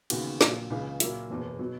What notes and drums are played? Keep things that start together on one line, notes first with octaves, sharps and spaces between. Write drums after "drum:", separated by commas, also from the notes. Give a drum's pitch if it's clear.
D#2 C#3 E3 B3 F#4, drum: cymbal
A#1 A#2 F#3 A#3, drum: snare
C#2 C#3 E3
A#2 F#3 A#3 E4, drum: hi-hat
F#1 E2 B2
B2 F#3